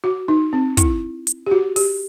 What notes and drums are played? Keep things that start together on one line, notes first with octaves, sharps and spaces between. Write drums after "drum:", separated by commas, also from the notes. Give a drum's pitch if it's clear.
F#4
D#4
C4
E4, drum: kick, hi-hat
drum: hi-hat
G4
F#4
G4, drum: open hi-hat